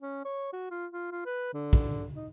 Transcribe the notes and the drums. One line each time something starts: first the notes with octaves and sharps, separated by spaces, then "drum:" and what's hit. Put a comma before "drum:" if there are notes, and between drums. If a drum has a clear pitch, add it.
C#4
C#5
F#4
F4
F4
F4
B4
D3
drum: kick
D#4